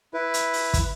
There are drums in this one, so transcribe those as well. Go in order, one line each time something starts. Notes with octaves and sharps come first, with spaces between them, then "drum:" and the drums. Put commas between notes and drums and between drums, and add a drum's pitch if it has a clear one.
E4 B4
drum: hi-hat
drum: open hi-hat
drum: kick, hi-hat